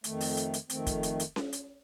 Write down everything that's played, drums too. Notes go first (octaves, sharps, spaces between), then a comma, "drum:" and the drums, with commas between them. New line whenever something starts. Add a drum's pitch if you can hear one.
F2 D#3 A3, drum: hi-hat
drum: open hi-hat
drum: hi-hat
drum: hi-hat
F2 D#3 A3 C4, drum: hi-hat
drum: kick, hi-hat
drum: hi-hat
drum: hi-hat
drum: snare C#4
drum: hi-hat